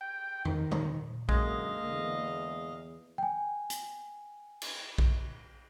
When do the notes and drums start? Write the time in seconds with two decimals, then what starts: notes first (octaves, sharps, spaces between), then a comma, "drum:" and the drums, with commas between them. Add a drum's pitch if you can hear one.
0.01 G5
0.45 D#3, drum: tom E2
0.71 drum: tom A#2
1.29 F#2 D3 G#3 A#3 D#5 F5, drum: kick A#1
1.91 E2
3.18 G5 G#5
3.70 drum: hi-hat
4.62 drum: cymbal
4.98 drum: kick A#1